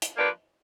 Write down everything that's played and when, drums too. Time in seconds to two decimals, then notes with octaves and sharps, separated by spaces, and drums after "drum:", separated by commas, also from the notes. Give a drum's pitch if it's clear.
0.02 drum: hi-hat
0.16 F3 A#3 D4 G4 B4